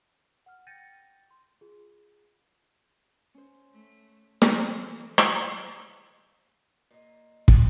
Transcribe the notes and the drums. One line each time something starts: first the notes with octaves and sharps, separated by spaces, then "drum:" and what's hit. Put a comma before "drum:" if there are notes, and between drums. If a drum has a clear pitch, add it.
F#5 F6
G5 G6 A6 A#6 C#7 D#7
C6
F4 G#4
C#4 C5
A3
drum: snare
E3 A4 C5
drum: rim click
A#2 D#5
drum: kick